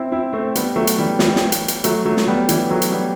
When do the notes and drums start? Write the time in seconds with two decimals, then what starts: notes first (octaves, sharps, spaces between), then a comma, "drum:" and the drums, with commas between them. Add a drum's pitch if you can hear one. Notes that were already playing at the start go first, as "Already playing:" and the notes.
Already playing: C4 E4
0.12 C4 E4
0.33 A3 C4
0.55 G3 B3, drum: hi-hat
0.76 F#3 A3
0.87 drum: hi-hat
0.99 E3 G3
1.19 E3 G3, drum: snare
1.36 drum: snare
1.52 drum: hi-hat
1.68 drum: hi-hat
1.84 F#3 A3, drum: hi-hat
2.05 F#3 A3
2.17 drum: snare
2.27 G3 B3
2.49 E3 G3, drum: hi-hat
2.70 F#3 A3
2.82 drum: hi-hat
2.92 G3 B3